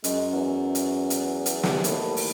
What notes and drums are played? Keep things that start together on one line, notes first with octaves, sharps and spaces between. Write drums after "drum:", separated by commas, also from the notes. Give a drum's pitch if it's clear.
F#2 G#3, drum: hi-hat
E2
drum: hi-hat
drum: hi-hat
drum: hi-hat
drum: snare
D#2 A2, drum: hi-hat
drum: open hi-hat